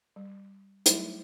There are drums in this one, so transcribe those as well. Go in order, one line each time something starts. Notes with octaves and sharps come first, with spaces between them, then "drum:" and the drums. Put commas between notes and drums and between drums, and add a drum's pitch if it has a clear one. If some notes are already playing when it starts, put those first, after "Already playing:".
G3
F#3 G3 A3 D#4 E4, drum: hi-hat